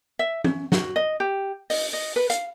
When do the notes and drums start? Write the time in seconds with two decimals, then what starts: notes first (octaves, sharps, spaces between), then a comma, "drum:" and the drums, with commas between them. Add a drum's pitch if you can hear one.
0.19 E5
0.44 C#4, drum: tom
0.72 F#4, drum: snare
0.96 D#5
1.20 G4
1.70 D#5, drum: open hi-hat
1.93 D#5
2.16 B4
2.30 F5, drum: hi-hat